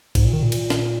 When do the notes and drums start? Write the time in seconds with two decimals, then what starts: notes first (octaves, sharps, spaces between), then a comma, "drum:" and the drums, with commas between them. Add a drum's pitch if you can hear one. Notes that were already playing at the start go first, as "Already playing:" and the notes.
0.15 G#2, drum: kick A#1, cymbal
0.25 A#2
0.33 D#3
0.43 A#2
0.52 drum: cymbal
0.70 drum: snare